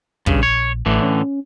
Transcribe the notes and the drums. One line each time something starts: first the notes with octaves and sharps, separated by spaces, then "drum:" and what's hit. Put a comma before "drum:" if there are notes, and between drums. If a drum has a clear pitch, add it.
A#1 G2 C#3, drum: kick
C#5
A1 A2 D3 E3
C#4